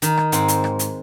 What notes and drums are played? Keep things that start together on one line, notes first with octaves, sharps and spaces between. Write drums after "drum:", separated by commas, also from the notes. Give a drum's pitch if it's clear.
D#3, drum: hi-hat
drum: rim click
G#2 C4, drum: hi-hat
drum: hi-hat
drum: rim click
drum: hi-hat